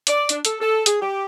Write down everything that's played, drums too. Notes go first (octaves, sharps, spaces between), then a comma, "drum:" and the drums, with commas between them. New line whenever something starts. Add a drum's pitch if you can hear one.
D5, drum: hi-hat
D4, drum: hi-hat
A4, drum: hi-hat
A4
G#4, drum: hi-hat
G4